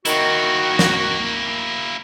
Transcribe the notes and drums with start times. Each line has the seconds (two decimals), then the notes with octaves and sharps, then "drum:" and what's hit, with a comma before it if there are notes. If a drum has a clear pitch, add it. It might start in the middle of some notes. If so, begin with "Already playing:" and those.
0.05 D#3 A#3 E4 F#4, drum: hi-hat
0.79 drum: snare